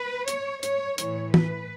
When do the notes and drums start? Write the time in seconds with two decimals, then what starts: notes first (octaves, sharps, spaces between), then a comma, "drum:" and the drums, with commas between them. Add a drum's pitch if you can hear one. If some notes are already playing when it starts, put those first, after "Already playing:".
Already playing: B4
0.28 C#5, drum: hi-hat
0.63 C#5, drum: hi-hat
0.98 A2 E3 C#5, drum: hi-hat
1.34 B4, drum: tom